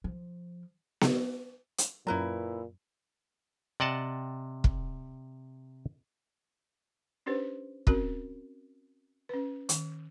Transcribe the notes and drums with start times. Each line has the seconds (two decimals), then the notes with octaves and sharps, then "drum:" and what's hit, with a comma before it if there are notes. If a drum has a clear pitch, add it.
0.04 F3
1.01 drum: snare B3
1.78 drum: hi-hat
2.07 F#2 A#2 F#3 E4 B4 A#5
3.80 C3 D5 D#5 F#5 A5
4.64 drum: kick
7.26 C#4 D4 G4 B4 C5
7.87 C4 C#4 F#4 A#4, drum: kick
9.29 C#4 B4
9.69 D#3, drum: hi-hat